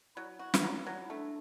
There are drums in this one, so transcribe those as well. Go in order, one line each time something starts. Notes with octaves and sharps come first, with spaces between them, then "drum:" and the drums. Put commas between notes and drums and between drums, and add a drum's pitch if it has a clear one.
F#3 E4
F#4
drum: snare
F#3 E4
F#3
A3 D4